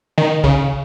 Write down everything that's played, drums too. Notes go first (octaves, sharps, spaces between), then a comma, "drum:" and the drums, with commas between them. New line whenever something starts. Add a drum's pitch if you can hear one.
D#3
C#3, drum: kick